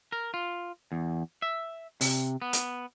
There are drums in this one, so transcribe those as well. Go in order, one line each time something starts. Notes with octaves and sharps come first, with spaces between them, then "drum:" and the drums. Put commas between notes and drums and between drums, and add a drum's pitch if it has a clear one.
A#4
F4
E2
E5
C3, drum: open hi-hat
B3
drum: hi-hat